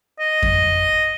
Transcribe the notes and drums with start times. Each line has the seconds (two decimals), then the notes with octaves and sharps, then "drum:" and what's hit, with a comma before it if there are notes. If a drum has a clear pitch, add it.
0.19 D#5
0.42 drum: kick F2